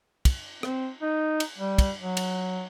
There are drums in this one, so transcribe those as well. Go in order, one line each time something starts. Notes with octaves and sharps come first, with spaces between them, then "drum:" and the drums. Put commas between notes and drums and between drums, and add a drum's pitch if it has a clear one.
drum: kick, cymbal
C4, drum: rim click
D#4
drum: cymbal
G3
drum: kick, cymbal
F#3
drum: cymbal